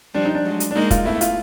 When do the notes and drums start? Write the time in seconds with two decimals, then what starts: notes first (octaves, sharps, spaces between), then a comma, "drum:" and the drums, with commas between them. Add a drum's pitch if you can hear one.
0.15 F3 G3 D4
0.25 D#4
0.35 D4
0.45 F#3 G#3
0.60 drum: hi-hat
0.71 D4
0.75 G#3 A#3 D#4
0.91 F4, drum: kick, hi-hat
1.05 A3 B3 E4
1.21 F4, drum: hi-hat